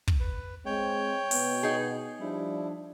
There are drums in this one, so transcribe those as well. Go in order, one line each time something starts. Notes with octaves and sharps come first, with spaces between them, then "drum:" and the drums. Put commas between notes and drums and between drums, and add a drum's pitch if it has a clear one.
drum: kick
B4
G#3 C4 C#5 G5
B2 B3, drum: open hi-hat
D#4 G#4
F3 G3 D4 E4